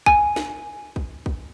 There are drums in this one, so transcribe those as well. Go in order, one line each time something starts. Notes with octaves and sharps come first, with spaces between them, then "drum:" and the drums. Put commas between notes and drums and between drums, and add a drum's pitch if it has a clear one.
G#5, drum: kick
drum: snare
drum: kick
drum: kick